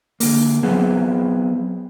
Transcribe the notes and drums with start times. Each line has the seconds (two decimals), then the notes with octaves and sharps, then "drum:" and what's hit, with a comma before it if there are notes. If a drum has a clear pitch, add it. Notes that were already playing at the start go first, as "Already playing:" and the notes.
0.20 D3 A#3, drum: open hi-hat
0.63 F#3 B3 C4 G#4 B4